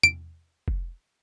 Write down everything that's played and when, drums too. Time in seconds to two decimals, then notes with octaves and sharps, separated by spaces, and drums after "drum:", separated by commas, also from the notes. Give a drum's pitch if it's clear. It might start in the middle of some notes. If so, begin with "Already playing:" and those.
0.03 D7, drum: tom E2
0.68 drum: kick